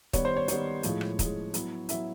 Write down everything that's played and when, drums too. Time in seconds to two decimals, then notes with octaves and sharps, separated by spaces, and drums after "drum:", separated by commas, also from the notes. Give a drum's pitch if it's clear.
0.13 D#3 G3 B3 C#5, drum: kick, hi-hat
0.25 C5
0.37 C#5
0.48 D#3 G3 B3 C#5, drum: hi-hat
0.83 A2 F3 G#3, drum: hi-hat
1.01 drum: rim click
1.19 A2 F3 G#3, drum: kick, hi-hat
1.54 F#3 B3 E4, drum: hi-hat
1.89 F#3 B3 E4 E5, drum: hi-hat